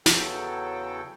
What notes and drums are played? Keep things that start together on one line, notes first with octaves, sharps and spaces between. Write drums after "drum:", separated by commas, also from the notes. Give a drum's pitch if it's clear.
E2 C#3 F#3 A4 G5, drum: snare